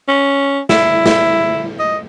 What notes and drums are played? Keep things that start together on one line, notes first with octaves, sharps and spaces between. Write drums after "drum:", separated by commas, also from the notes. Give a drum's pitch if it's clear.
C#4
E4, drum: snare
drum: snare
D#5